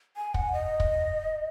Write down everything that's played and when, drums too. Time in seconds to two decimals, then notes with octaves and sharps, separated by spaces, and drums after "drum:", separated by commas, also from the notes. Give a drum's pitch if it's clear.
0.17 G#5
0.34 F#5, drum: kick
0.52 D#5
0.80 drum: kick